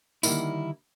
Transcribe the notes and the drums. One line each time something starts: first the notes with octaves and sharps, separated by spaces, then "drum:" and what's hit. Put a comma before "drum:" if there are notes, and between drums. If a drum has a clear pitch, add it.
D3 D#3 G3 A#3 D#4 E4, drum: tambourine